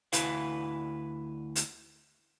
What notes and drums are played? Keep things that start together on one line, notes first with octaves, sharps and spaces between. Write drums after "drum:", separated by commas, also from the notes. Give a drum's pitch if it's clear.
D2 E4 B4 F5, drum: hi-hat
drum: hi-hat